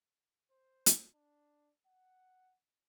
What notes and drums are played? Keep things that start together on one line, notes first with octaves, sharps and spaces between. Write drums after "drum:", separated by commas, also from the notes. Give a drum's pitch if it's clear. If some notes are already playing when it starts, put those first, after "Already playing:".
C5
drum: hi-hat
D4
F#5